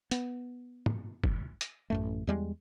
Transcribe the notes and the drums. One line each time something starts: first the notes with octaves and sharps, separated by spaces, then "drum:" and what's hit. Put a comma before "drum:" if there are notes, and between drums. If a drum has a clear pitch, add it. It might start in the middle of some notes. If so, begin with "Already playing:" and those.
B3, drum: hi-hat
drum: tom
drum: kick
drum: hi-hat
A1 F#2 A3
E2 G3 G#3